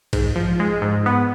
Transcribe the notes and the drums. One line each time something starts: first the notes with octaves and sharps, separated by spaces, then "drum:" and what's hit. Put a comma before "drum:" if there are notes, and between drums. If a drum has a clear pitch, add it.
G#2, drum: kick A#1, cymbal
F3
G#3
G#2
B3